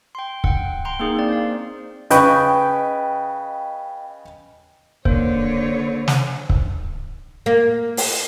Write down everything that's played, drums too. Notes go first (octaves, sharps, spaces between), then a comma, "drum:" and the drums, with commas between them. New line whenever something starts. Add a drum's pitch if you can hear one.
G5 C6
F#5 G5, drum: kick C#1
G5 A#5 C6
A#3 D4 D#4 G#4
A#3 C4 D5
C5 F5
C#3 B4 D#5 G5 C#6, drum: hi-hat
D3 A#3 C5 C#5, drum: kick C#1
drum: snare
drum: kick C#1
A#3
drum: open hi-hat